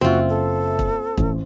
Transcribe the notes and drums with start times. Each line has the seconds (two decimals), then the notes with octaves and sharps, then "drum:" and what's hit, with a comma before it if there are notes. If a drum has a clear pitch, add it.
0.01 F#1 C4 F4 F#4 E5
0.29 A4
0.79 drum: kick
1.17 A1, drum: kick